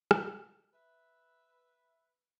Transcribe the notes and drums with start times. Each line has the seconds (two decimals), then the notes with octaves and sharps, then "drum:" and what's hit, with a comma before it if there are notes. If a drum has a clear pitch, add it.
0.11 drum: rim click
0.73 B4 E5